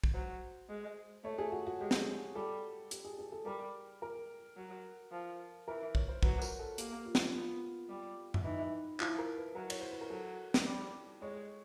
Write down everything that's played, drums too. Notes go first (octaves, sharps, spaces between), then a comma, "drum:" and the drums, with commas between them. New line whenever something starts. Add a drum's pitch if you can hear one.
drum: kick A#1
F#3 C5
G#3
A3 C#5
G#4
F#4
F#4
G#3 G4
drum: snare
G3 A4
G4, drum: hi-hat
G#4
G#4
A4
G3 A#4
A#4
F#3
F3
E3 A#4
C#5, drum: kick A#1
C5
F#3 B4, drum: kick A#1
A#4, drum: tambourine
A4
A#3 G4, drum: hi-hat
F4
drum: snare
B3 F4
G3
drum: tom F#2
E3 D#4
F3 E4, drum: clap
A#4
B4
F#3 A#4
C#5, drum: cymbal
C5
B4
A#4
F#3 A4
drum: snare
G3
G#3 C#5